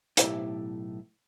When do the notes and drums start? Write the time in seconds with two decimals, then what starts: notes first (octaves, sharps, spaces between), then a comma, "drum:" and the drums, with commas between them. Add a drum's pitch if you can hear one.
0.17 B1 A2 C3 E4 G4, drum: hi-hat